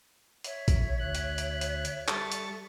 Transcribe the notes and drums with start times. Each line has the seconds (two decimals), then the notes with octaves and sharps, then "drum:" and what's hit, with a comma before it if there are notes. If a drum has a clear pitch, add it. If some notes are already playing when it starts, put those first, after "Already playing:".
0.44 C#5 E5, drum: hi-hat
0.68 drum: kick, hi-hat
1.00 D2 F#6
1.15 drum: hi-hat
1.38 drum: hi-hat
1.61 drum: hi-hat
1.85 drum: hi-hat
2.08 G3 A4 E5 C#6 A6, drum: clap
2.32 drum: hi-hat